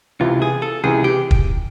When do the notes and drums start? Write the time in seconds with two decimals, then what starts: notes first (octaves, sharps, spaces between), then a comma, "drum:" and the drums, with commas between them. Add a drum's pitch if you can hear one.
0.21 C#2 C3 E3 F4
0.42 G#4
0.62 A4
0.83 C#2 C3 E3 G#4
1.04 G4
1.31 drum: kick